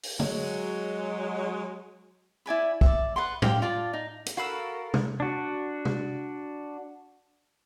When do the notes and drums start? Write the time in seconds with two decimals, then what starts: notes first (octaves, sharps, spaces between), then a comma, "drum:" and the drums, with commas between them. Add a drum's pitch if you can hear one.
0.03 drum: open hi-hat
0.20 F#3 G#3, drum: tom
2.46 E4 D5 G#5 B5
2.81 D5 E5, drum: kick
3.16 B4 F#5 C6
3.42 G4 F5 G5, drum: tom A2
3.62 F4 D5 A5
3.93 D#4
4.26 drum: hi-hat
4.37 F#4 A4 A#4 F5 B5 E6
4.94 drum: tom C3
5.20 D4 F#4
5.85 drum: tom C3